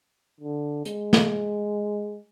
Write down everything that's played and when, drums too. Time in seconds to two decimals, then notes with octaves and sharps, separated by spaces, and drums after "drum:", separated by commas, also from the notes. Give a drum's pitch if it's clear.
0.40 D3
0.85 G#3, drum: hi-hat
1.13 drum: snare